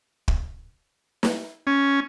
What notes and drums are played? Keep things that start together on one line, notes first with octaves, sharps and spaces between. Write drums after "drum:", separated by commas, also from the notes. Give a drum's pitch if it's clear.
drum: kick
drum: snare
C#4